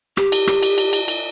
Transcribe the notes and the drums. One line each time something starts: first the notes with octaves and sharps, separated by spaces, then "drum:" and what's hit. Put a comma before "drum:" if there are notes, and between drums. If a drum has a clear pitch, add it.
G4, drum: rim click
drum: cymbal
drum: rim click
drum: cymbal
drum: cymbal
drum: cymbal
drum: cymbal